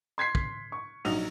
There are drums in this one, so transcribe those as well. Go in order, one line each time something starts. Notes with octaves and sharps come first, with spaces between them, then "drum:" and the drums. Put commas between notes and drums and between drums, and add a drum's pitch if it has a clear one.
C6 G#6 B6 C7
drum: kick
C#6
A#1 F#3 D#4 F7, drum: open hi-hat